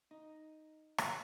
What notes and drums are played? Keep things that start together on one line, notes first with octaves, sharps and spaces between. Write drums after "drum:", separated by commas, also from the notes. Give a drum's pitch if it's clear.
D#4
drum: rim click